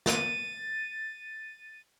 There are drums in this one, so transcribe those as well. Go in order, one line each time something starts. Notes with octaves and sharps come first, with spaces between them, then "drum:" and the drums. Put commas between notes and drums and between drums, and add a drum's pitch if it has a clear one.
A6 D#7, drum: snare